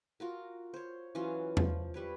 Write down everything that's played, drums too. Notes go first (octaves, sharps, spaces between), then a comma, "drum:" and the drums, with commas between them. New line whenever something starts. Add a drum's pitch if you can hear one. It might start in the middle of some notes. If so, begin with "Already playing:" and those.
F4 F#4 A#4
C5 C#5
E3 F#3 C#4 F4
F3, drum: tom E2
G3 B4 C#5